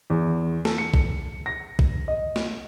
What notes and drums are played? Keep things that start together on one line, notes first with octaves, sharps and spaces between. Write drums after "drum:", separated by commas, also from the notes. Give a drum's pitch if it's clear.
E2
A4, drum: snare
C#7
drum: kick
A#6
drum: kick
D#5
drum: snare